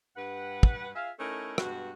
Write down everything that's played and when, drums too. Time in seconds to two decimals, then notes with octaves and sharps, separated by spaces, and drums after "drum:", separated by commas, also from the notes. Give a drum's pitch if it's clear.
0.17 G2 B4 F#5
0.63 drum: kick
0.96 F4 G#4 E5 F5
1.18 A3 C#4 D#4 E4 A4 A#4
1.58 G2 B2 G#3 F#4, drum: rim click